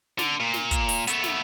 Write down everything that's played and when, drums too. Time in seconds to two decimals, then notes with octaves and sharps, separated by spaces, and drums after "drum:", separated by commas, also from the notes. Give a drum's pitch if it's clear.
0.19 D3, drum: snare
0.40 A#2
0.54 drum: snare
0.71 drum: kick, hi-hat
0.89 drum: open hi-hat
1.08 A3 B3, drum: hi-hat
1.24 drum: snare